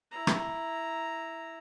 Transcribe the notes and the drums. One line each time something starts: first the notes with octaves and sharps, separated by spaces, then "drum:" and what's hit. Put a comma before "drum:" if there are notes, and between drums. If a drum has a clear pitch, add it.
E4 A#5
drum: rim click